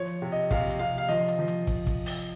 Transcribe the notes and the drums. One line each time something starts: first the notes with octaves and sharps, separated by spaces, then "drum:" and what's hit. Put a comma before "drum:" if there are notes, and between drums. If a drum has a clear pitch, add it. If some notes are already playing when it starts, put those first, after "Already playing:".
Already playing: F3 C#5
C3
D#5
C3 F5, drum: kick, hi-hat
drum: hi-hat
C3 F5
F5
F3 D#5, drum: hi-hat
drum: hi-hat
F3
drum: hi-hat
drum: kick, hi-hat
drum: kick, hi-hat
drum: open hi-hat